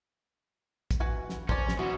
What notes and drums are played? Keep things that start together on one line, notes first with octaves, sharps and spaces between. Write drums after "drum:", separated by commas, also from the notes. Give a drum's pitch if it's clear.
drum: kick, hi-hat
F#4 B4 G#5
drum: snare
C#4 C5 D5, drum: kick
drum: snare
B2 C#4 E4 F#4